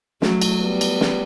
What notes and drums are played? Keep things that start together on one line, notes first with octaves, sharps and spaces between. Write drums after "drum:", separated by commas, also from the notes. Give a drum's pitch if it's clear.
F#3 A3, drum: snare
drum: cymbal
G3 B3
drum: cymbal
drum: snare